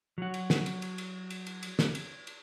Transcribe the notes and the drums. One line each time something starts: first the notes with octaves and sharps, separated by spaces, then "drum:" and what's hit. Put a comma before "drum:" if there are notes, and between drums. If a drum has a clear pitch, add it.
F#3 F#4
drum: cymbal
drum: snare
drum: cymbal
drum: cymbal
drum: cymbal
drum: cymbal
drum: cymbal
drum: cymbal
drum: snare
drum: cymbal
drum: cymbal